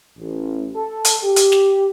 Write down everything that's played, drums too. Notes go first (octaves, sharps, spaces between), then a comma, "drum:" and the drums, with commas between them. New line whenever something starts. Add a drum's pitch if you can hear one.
A1
A4
drum: hi-hat
G4
drum: hi-hat
drum: snare